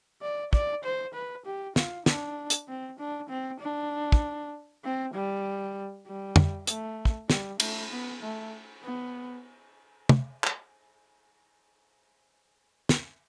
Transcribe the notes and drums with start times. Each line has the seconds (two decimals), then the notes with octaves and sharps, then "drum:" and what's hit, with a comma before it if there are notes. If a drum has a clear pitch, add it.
0.22 D5
0.53 D5, drum: kick
0.84 C5
1.14 B4
1.46 G4
1.76 F4, drum: snare
2.06 D4, drum: snare
2.50 drum: hi-hat
2.68 C4
2.99 D4
3.29 C4
3.60 D4
4.12 drum: kick
4.84 C4
5.14 G3
6.07 G3
6.36 drum: tom
6.67 A3, drum: hi-hat
7.05 drum: kick
7.30 G3, drum: snare
7.60 A3, drum: cymbal
7.90 B3
8.22 A3
8.83 B3
10.09 drum: tom
10.44 drum: clap
12.89 drum: snare